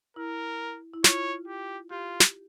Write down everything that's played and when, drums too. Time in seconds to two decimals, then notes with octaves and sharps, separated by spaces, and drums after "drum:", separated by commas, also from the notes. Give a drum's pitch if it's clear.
0.16 E4 A#4
0.94 E4
1.04 F4 C#5, drum: snare
1.47 G4
1.91 F4 G4
2.20 drum: snare